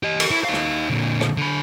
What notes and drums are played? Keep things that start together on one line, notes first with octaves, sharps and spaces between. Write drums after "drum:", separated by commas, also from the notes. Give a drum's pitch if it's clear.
G4 D#5
drum: cymbal
E4
D#4 F5
drum: rim click
A#2 D3
drum: rim click
D3 B5